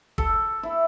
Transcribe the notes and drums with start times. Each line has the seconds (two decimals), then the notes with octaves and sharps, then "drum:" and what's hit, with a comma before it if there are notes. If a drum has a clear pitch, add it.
0.18 A4, drum: kick
0.63 E4